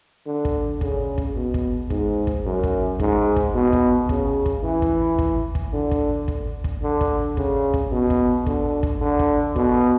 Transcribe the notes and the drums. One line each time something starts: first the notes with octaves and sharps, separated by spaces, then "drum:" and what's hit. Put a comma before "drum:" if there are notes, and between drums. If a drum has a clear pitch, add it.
D3
drum: kick
C#3, drum: kick
drum: kick
B2
drum: kick
G#2, drum: kick
drum: kick
F#2
drum: kick
G#2, drum: kick
drum: kick
B2
drum: kick
C#3, drum: kick
drum: kick
E3
drum: kick
drum: kick
drum: kick
D3
drum: kick
drum: kick
drum: kick
D3
drum: kick
C#3, drum: kick
drum: kick
B2
drum: kick
D3, drum: kick
drum: kick
D3
drum: kick
B2, drum: kick